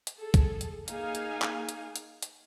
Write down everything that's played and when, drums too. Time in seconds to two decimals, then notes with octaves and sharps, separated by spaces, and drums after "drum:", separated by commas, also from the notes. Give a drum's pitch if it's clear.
0.07 drum: hi-hat
0.18 G#4 A4
0.34 drum: kick, hi-hat
0.61 drum: hi-hat
0.88 A#3 D#4 G#4 F5 G#5, drum: hi-hat
1.15 drum: hi-hat
1.42 drum: clap
1.69 drum: hi-hat
1.96 drum: hi-hat
2.22 drum: hi-hat